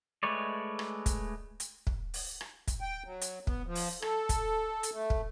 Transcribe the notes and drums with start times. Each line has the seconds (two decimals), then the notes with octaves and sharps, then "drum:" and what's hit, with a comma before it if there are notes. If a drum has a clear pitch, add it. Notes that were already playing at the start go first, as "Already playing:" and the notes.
0.23 G#3 A3 B4 C#5 D5
0.79 drum: rim click
1.06 drum: kick, hi-hat
1.60 drum: hi-hat
1.87 drum: kick
2.14 drum: open hi-hat
2.41 drum: rim click
2.68 drum: kick, hi-hat
2.81 G5
3.05 F#3
3.21 drum: hi-hat
3.47 B3, drum: kick
3.66 F3
3.75 drum: open hi-hat
4.02 A4, drum: rim click
4.29 drum: kick, hi-hat
4.83 drum: hi-hat
4.94 A3
5.10 drum: kick